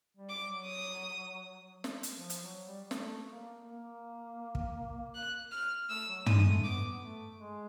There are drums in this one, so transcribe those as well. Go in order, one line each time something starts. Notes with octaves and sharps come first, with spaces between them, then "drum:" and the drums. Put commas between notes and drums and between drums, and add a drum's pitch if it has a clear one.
G3
D6
F#3
D#6
drum: snare
drum: hi-hat
F3
drum: hi-hat
F#3
G3
A3, drum: snare
A#3
A#3
drum: kick
F#6
F6
A3 E6
F#3
G#3 D#6, drum: tom
A3
B3 D6
A3
G#3